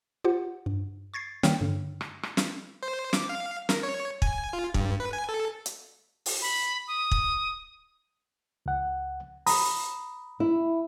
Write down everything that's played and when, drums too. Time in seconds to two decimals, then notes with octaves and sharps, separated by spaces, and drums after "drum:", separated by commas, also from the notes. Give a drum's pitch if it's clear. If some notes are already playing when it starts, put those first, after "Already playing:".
0.24 F4 G4 C5 F#5
0.66 G2
1.14 C#6 G#6 A6 C7
1.43 D#3 G3 A#3 C#5 G5 F6, drum: snare
1.61 G2 D3
2.01 drum: rim click
2.23 drum: rim click
2.37 drum: snare
2.83 C5
3.13 D6, drum: snare
3.29 F5
3.69 A#4, drum: snare
3.83 C#5
4.22 G#5, drum: kick
4.53 F4
4.74 G2, drum: kick
5.00 B4
5.13 G#5
5.29 A4
5.66 drum: hi-hat
6.26 drum: open hi-hat
6.42 B5
6.88 D#6
7.11 drum: kick
8.66 C#2 F#5
9.47 A#5 B5 D#6, drum: open hi-hat
10.40 E4